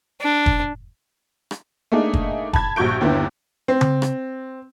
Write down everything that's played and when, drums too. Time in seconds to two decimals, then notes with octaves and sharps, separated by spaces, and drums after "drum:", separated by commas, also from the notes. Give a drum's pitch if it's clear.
0.21 D4
0.46 drum: kick
1.51 drum: rim click
1.92 A3 A#3 D4 D#4 G#4
2.14 drum: kick
2.53 A5 B5 G#6, drum: kick
2.76 A#1 G2 F#4 C#6 G6 D7
3.00 G1 D#2 D3 B3 E4
3.68 C4
3.81 drum: tom C#3
4.02 drum: rim click